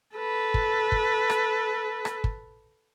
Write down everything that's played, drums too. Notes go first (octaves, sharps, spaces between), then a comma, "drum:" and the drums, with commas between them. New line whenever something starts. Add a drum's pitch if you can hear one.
A4 B4
drum: kick
drum: kick
drum: rim click
drum: rim click
drum: kick